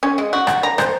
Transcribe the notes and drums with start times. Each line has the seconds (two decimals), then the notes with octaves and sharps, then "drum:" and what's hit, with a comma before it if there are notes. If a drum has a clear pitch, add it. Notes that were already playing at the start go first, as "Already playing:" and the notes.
0.03 C#4
0.18 G#3
0.33 F#4
0.47 drum: rim click
0.63 A#5
0.78 C5, drum: rim click